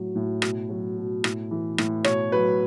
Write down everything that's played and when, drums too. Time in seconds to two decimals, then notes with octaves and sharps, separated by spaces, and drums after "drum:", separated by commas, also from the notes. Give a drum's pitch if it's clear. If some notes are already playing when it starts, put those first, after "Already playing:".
Already playing: A2 F#3
0.16 A2
0.42 B2, drum: rim click
0.69 F#3
0.97 B2
1.24 A2, drum: rim click
1.51 E3
1.78 A2, drum: rim click
2.04 B2 C#5, drum: rim click
2.32 F#3 B4